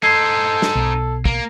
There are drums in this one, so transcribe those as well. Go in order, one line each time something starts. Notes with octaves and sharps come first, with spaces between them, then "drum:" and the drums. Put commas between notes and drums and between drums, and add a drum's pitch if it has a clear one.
D#4 A4 C5 G#6 C7
drum: snare
B1
A#3, drum: kick